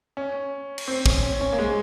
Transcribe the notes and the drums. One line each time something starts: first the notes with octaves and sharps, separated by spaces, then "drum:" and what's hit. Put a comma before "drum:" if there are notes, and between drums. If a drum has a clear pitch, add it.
C#4
drum: cymbal
C4
C#4, drum: kick
C#4
C#4
A#3
G#3